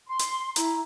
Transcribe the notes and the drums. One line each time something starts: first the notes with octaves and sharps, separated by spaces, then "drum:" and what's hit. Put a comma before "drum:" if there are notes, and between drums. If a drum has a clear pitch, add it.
C6
drum: hi-hat
E4 A#5, drum: hi-hat